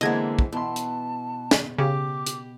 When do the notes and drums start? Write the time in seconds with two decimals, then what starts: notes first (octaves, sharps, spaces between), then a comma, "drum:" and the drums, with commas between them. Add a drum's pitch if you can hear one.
0.01 D3 E3 G#3 A#3 C4 D#5 G#6
0.39 drum: kick
0.53 B2 E3 A5 B5 C6
0.76 drum: hi-hat
1.51 drum: snare
1.78 C#3 G4 D6
2.27 drum: hi-hat